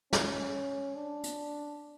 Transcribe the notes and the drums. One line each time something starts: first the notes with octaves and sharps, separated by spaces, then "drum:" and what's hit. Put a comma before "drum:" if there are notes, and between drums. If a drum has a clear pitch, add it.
C#4, drum: snare
D4
drum: hi-hat